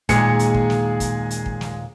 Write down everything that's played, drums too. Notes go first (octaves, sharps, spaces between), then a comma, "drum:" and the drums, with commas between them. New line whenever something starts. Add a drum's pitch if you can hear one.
D#2 A#2 G#3 G#4 C#7, drum: kick, hi-hat
drum: hi-hat
drum: kick
drum: snare
drum: kick, hi-hat
drum: hi-hat
drum: kick
drum: snare